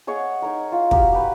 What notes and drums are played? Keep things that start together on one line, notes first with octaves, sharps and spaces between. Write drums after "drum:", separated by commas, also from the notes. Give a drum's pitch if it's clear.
G#4 C#5 D#5 F#5
D#4 A#4
F4
F#4 G4 A#4 D#5, drum: kick
G4 B4